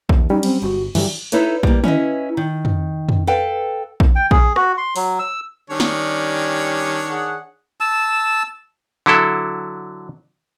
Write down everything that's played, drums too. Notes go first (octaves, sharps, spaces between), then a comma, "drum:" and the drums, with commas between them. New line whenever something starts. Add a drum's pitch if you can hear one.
D#2, drum: kick A#1
F#3 G3 C#4 D#4
C4, drum: cymbal
G1 F#4
G2 D3 E3 F#3 G3, drum: cymbal
D#4 E4 A4 B4 C#5, drum: hi-hat
G3 A#3, drum: kick A#1
C#4 E4 B4 D#5, drum: tom D3
D#3
drum: tom F2
drum: tom F2
A4 B4 F5 G5
drum: kick A#1
G5
G#4, drum: kick A#1
F#4, drum: rim click
C6
F#3, drum: open hi-hat
E6
D#3 G3 C#4 D4 G4 C#5
drum: snare
G#4 F#5
A5 E6
D3 F#3 E4 A4